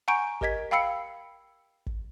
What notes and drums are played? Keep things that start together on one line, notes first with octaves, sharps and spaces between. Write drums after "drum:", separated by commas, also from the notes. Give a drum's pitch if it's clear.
F#5 G#5 A#5 C#6 G6 D7
G4 A#4 D#5 G#6 B6, drum: kick
F5 G5 B5 E6 C7 C#7
drum: kick